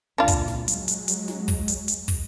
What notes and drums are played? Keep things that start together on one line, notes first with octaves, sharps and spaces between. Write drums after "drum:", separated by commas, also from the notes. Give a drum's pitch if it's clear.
C#2 A#2 D4 F4
drum: kick, hi-hat
drum: snare
F#3 G#3, drum: hi-hat
drum: hi-hat
drum: hi-hat
drum: snare
drum: kick, open hi-hat
drum: hi-hat
drum: hi-hat
drum: kick, open hi-hat